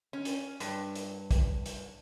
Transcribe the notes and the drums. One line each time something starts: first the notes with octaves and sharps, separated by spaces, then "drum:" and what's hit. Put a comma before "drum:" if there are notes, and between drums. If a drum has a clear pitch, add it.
C#4
drum: hi-hat
G2, drum: hi-hat
drum: hi-hat
drum: kick, hi-hat
drum: hi-hat